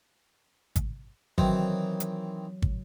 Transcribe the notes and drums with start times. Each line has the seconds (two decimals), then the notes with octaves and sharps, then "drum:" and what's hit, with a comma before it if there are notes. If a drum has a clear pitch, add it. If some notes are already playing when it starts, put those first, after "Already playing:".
0.76 drum: kick, hi-hat
1.38 D#3 E3 F#3 C4, drum: kick
2.00 drum: hi-hat
2.62 drum: kick